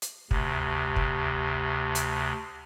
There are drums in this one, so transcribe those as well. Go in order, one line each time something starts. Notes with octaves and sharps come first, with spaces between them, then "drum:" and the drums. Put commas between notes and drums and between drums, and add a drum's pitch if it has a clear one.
drum: hi-hat
D2 C3, drum: kick
drum: kick
drum: hi-hat